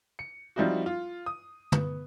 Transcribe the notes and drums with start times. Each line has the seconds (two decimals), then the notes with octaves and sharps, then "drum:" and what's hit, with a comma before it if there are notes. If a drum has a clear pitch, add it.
0.19 C#7
0.56 F3 G3 C4 D#4 E4 F#4
0.86 F4
1.26 D#6
1.72 B3, drum: tom